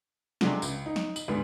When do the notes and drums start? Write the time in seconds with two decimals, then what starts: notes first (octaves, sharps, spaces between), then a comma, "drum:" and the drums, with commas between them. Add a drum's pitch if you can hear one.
0.41 C3 F#3 G#3 A3 D4 F#4, drum: snare
0.62 C#2, drum: tambourine
0.86 D#4
0.96 drum: snare
1.16 F#7, drum: tambourine
1.28 D2 G#2 G3 G#3 B3